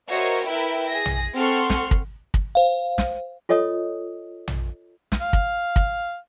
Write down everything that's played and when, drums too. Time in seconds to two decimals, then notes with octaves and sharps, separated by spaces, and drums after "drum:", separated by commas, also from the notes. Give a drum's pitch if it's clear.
0.11 F#4 A#4 C5 C#5 D#5 E5
0.46 E4 A#4 B4 E5 G5 B5
0.90 G#4 A#6
1.06 drum: tom A#1
1.37 C4 A4 F#5 C6 C#6 F6
1.70 drum: snare
1.91 drum: kick
2.34 drum: kick
2.55 C5 F5
2.98 drum: snare
3.49 F4 A4 C#5 D#5 D#6
4.48 drum: tom A#1
5.12 drum: snare
5.21 F5
5.33 drum: kick
5.76 drum: kick